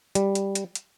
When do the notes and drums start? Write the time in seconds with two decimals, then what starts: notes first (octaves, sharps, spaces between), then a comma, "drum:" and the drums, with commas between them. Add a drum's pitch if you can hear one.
0.15 G3, drum: hi-hat
0.35 drum: hi-hat
0.55 drum: hi-hat
0.75 drum: hi-hat